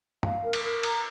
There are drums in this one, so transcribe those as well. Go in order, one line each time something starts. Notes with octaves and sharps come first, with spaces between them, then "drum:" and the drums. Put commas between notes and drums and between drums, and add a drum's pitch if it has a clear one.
F5, drum: tom
A#4
drum: cymbal
A#4
A#5, drum: cymbal